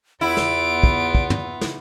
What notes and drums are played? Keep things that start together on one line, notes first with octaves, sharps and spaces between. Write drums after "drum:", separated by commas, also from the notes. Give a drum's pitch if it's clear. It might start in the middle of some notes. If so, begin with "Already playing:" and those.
E2 B3 E4 F4 D7
drum: snare
drum: kick
drum: kick
drum: tom
drum: snare